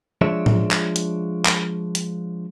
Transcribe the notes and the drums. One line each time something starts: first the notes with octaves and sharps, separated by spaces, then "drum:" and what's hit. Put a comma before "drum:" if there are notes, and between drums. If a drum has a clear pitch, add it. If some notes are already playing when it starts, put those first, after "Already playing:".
F3 G#3 D4 C#5 E5
drum: tom A2
drum: clap
drum: hi-hat
drum: clap
drum: hi-hat